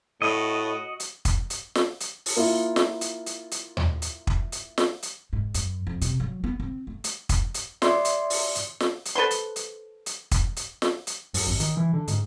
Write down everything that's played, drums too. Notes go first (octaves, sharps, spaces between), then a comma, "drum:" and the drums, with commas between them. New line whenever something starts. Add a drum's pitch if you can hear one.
A2 F#4 D#5
drum: hi-hat
drum: kick, hi-hat
drum: hi-hat
drum: snare
drum: hi-hat
drum: open hi-hat
A#3 E4 F4
drum: snare
drum: hi-hat
drum: hi-hat
drum: hi-hat
drum: tom D#2
drum: hi-hat
drum: kick
drum: hi-hat
drum: snare
drum: hi-hat
G#2
F#2, drum: hi-hat
F2
C3, drum: hi-hat
F#3
B3
C4
A3
drum: hi-hat
drum: kick, hi-hat
drum: hi-hat
D5 E5 C6, drum: snare
drum: hi-hat
drum: open hi-hat
drum: hi-hat
drum: snare
drum: hi-hat
A4 B4 C5 C6
drum: hi-hat
drum: hi-hat
drum: hi-hat
drum: kick, hi-hat
drum: hi-hat
drum: snare
drum: hi-hat
F#2, drum: open hi-hat
G#1
D#3, drum: hi-hat
E3
D3
G#2, drum: hi-hat